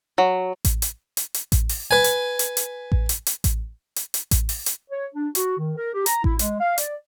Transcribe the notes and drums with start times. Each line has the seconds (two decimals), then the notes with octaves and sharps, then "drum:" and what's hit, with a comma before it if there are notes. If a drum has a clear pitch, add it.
0.18 F#3
0.65 drum: kick A1, hi-hat
0.82 drum: hi-hat
1.17 drum: hi-hat
1.34 drum: hi-hat
1.52 drum: kick A1, hi-hat
1.69 drum: open hi-hat
1.91 B4 G#5
2.04 drum: hi-hat
2.39 drum: hi-hat
2.57 drum: hi-hat
2.92 drum: kick A1
3.09 drum: hi-hat
3.27 drum: hi-hat
3.44 drum: kick A1, hi-hat
3.96 drum: hi-hat
4.14 drum: hi-hat
4.31 drum: kick A1, hi-hat
4.49 drum: open hi-hat
4.66 drum: hi-hat
4.91 C#5
5.14 D4
5.35 F#4, drum: hi-hat
5.58 D#3
5.77 A#4
5.94 G4
6.06 A#5, drum: hi-hat
6.24 E4, drum: kick A1
6.39 G#3, drum: hi-hat
6.60 F5
6.78 D5, drum: hi-hat